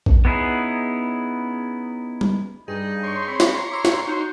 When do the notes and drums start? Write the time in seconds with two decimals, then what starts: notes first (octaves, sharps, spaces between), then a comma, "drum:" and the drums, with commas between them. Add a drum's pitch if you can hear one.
0.06 drum: kick A#1
0.25 B3 C#4 D#4 E4 G#4
2.21 drum: tom
2.68 G2 D#4 G#4
3.03 C#5 C6
3.28 C4 B5
3.40 drum: snare
3.54 A#5
3.71 E4 D6 E6 C#7
3.85 drum: snare
4.07 D#4 F#4 C5